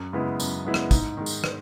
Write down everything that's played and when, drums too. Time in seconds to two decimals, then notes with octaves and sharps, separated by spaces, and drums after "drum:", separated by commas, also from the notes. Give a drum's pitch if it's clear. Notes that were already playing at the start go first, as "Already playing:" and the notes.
Already playing: F#2
0.13 C#3 G#3 B3 E4
0.40 F#2, drum: tambourine
0.65 C#3 G#3 B3 E4
0.74 drum: rim click
0.91 G#2, drum: kick, tambourine
1.17 D#3 G#3
1.26 drum: tambourine
1.44 drum: rim click